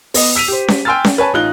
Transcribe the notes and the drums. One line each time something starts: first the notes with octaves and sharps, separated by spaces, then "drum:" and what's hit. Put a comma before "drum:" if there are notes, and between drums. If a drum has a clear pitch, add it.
B3 D#5, drum: open hi-hat
E6 B6 D#7 F7
G4 C5
drum: snare C#4
G5 G#5 C6 E6 F6 A6
drum: snare C#4
B4 C#5 G#5 A5
A1 D#4 F4 F#6 G7